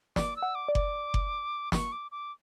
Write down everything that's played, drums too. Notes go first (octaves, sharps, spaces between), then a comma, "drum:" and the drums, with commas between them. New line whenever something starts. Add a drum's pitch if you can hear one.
D5 D6, drum: snare
E6
F#5
D6
D5
D6, drum: kick F#1
drum: kick F#1
C#6, drum: snare
D6
D6